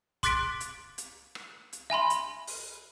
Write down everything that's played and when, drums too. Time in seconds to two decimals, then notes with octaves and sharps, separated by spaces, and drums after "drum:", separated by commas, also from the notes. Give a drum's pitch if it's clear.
0.23 C6 D6 F#6 A6 B6 D7, drum: kick, hi-hat
0.60 drum: hi-hat
0.98 drum: hi-hat
1.35 drum: rim click
1.73 drum: hi-hat
1.90 E5 G#5 B5 C6
2.10 drum: hi-hat
2.47 drum: open hi-hat